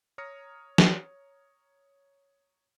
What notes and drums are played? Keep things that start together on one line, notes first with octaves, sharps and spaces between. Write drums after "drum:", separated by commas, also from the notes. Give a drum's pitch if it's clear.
C#5 A#5 D#6 F6 A#6 C#7
drum: snare